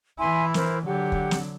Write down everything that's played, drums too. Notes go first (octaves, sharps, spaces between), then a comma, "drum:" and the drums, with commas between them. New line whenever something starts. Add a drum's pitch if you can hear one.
E3 E4 E5 G#5 C6
A#4 C5, drum: snare
D3 F#3 G4 F#5
drum: kick
drum: snare